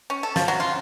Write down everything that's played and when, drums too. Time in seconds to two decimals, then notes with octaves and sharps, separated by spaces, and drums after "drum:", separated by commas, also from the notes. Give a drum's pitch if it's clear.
0.10 C#4
0.23 A4
0.36 F3, drum: snare
0.48 F#3
0.60 F4